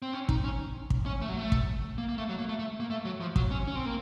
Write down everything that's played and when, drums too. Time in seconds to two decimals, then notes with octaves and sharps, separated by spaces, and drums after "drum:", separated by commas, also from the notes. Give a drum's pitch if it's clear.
0.02 C4
0.13 C#4
0.29 D#4, drum: kick
0.44 C#4
0.90 drum: kick
1.06 C#4
1.22 A3
1.29 F#3
1.37 A3
1.52 drum: kick
1.98 A#3
2.09 A#3
2.18 A3
2.29 F#3
2.38 A#3
2.49 A3
2.59 A3
2.80 A#3
2.90 A3
3.05 F#3
3.21 F3
3.36 F#3, drum: kick
3.51 C#4
3.67 C#4
3.75 C4
3.86 A#3